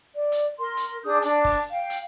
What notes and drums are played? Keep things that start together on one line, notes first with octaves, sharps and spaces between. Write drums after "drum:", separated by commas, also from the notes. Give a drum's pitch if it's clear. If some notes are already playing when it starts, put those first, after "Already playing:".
D5
drum: hi-hat
A#4 C6
drum: hi-hat
D4 G#4 D#6 G6
D4, drum: hi-hat
drum: kick, open hi-hat
F5 G5
drum: hi-hat